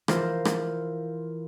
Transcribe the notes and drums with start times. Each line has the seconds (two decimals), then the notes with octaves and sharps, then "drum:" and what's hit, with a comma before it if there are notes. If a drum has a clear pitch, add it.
0.08 E3 F4 A#4 C5 G6, drum: rim click
0.45 drum: rim click